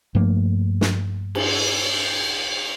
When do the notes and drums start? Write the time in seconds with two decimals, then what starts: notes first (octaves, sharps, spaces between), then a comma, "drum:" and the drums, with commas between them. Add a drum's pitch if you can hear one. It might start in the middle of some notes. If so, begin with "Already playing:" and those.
0.15 G2 F3 A3 A#3
0.81 drum: snare
1.35 drum: cymbal